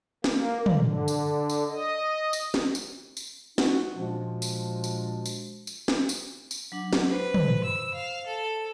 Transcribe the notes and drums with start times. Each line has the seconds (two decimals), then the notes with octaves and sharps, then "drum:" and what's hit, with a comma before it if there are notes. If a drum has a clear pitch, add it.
0.24 A#3, drum: snare
0.66 drum: tom
0.78 D3
1.08 drum: tambourine
1.50 drum: tambourine
1.69 D#5
2.33 drum: tambourine
2.54 drum: snare
2.75 drum: tambourine
3.17 drum: tambourine
3.58 C#4 D#4 F4 F#4 F#5, drum: snare
3.95 A#2 F3 G#3 D4 F#4
4.42 drum: tambourine
4.84 drum: tambourine
5.25 drum: tambourine
5.67 drum: tambourine
5.88 drum: snare
6.09 drum: tambourine
6.51 drum: tambourine
6.72 F#3 D4 F#5
6.93 drum: snare
7.10 B4 C5
7.34 drum: tom
7.64 E6
7.94 F5
8.26 A4